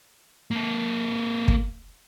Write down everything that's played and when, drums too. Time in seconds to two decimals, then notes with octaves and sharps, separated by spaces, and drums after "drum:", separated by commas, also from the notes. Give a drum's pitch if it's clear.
0.51 A#3 A4
1.48 drum: kick